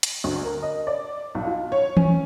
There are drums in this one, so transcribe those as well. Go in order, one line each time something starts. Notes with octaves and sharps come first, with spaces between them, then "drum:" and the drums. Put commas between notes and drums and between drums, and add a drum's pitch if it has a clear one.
drum: hi-hat
D2
A#4
D#5
D5
B1
F4
C#5
C#4, drum: tom E3